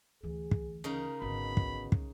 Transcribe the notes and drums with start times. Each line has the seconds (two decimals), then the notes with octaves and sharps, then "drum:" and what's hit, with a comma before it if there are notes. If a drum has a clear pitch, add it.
0.23 D2 E3 G#4
0.51 drum: kick
0.84 C#3 D#4 A#4
1.22 G#1 B2 D3 B5
1.57 drum: kick
1.92 drum: kick